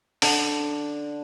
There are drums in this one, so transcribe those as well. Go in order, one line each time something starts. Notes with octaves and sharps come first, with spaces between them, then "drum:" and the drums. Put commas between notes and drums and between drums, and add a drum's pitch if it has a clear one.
D3, drum: open hi-hat